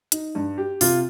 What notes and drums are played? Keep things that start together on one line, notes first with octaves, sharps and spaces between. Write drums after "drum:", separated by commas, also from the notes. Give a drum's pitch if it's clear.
D#4, drum: hi-hat
G2
G4
C3 F4, drum: open hi-hat